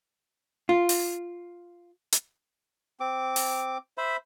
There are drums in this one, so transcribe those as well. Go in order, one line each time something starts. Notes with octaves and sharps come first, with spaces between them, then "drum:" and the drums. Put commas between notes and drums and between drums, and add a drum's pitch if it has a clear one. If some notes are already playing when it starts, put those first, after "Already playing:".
F4
drum: open hi-hat
drum: hi-hat
C4 D6
drum: open hi-hat
C5 E5 B5